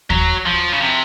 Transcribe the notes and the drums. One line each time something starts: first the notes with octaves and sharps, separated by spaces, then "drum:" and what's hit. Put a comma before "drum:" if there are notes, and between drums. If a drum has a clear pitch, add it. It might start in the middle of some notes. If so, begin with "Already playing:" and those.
F#3, drum: kick D#2
F3
C#3
C3